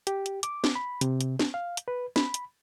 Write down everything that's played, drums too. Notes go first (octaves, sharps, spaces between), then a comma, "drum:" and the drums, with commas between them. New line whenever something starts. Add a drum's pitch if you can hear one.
G4, drum: hi-hat
drum: hi-hat
D6, drum: hi-hat
drum: snare
B5
C3, drum: hi-hat
drum: hi-hat
drum: snare
F5
drum: hi-hat
B4
B5, drum: snare
drum: hi-hat